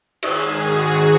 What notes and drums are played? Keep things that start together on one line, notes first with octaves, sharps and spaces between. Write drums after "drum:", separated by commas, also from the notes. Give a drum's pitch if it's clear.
G#2 D#3 G#4, drum: cymbal
F#4